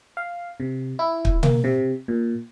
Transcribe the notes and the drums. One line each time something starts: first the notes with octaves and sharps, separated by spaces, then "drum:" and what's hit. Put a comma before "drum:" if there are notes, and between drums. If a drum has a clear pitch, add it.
F5
C3
E4
drum: kick
A#3, drum: tom B2
C3
A#2